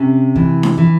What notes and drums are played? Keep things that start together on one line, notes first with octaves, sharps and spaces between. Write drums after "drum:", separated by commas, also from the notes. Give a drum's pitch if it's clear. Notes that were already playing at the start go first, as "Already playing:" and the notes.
Already playing: C3 C#4
E3, drum: kick
drum: snare D4
E3